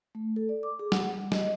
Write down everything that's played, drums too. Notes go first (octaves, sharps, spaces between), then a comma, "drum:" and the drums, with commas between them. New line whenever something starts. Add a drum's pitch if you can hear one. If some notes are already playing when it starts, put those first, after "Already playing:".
A3
A4
D5
D6
G#4
F#5, drum: snare
G3
D#5, drum: snare